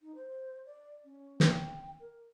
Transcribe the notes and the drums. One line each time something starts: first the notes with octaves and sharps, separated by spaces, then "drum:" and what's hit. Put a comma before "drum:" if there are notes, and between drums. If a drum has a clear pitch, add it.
D#4
C5
D5
C#4
G5, drum: snare
A#4